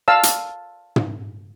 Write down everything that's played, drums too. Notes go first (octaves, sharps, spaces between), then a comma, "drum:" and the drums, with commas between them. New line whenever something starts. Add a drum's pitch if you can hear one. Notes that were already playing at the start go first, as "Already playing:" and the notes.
F5 A5 E6
drum: hi-hat
drum: tom